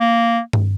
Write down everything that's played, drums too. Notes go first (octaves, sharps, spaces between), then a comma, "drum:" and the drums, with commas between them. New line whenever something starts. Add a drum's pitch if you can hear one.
A#3
drum: tom G2